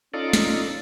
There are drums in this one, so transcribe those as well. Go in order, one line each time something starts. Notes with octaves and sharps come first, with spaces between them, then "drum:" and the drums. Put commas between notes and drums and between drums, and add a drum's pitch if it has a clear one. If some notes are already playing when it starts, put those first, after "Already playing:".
C#4 D#4 F4 A4 D5
drum: snare